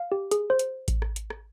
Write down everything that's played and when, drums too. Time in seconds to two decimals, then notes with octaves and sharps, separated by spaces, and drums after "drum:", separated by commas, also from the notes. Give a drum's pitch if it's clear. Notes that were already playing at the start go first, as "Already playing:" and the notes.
Already playing: F5
0.12 G4
0.31 G#4, drum: hi-hat
0.50 C5
0.59 drum: hi-hat
0.88 drum: kick A1, hi-hat
1.02 drum: rim click
1.16 drum: hi-hat
1.30 drum: rim click